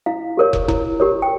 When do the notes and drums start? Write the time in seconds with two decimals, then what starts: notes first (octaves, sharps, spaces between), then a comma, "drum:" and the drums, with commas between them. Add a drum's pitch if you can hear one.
0.06 E4 F5
0.37 G4 A#4 C#5
0.53 drum: kick
0.68 E4, drum: kick
1.00 G4 A#4 C#5
1.22 G5